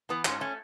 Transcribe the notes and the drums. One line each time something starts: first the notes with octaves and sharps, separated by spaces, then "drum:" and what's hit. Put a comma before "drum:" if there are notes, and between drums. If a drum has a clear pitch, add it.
E3 B3
G#2 C#4, drum: clap
A3 C#4